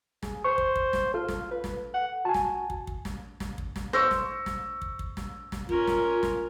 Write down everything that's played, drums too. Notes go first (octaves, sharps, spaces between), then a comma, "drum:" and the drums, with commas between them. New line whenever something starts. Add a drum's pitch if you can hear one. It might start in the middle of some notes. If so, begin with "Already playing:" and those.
G#4, drum: snare
C5 C#6
drum: kick
drum: kick
drum: snare
F4 A4
drum: snare
B4
drum: snare
F#5
F#4 G#5 A5
drum: snare
drum: kick
drum: kick
drum: snare
drum: snare
drum: kick
drum: snare
C5 C#6 E6 A#6
drum: snare
drum: snare
drum: kick
drum: kick
drum: snare
drum: snare
C#4 F4 A#4, drum: kick
drum: snare
drum: snare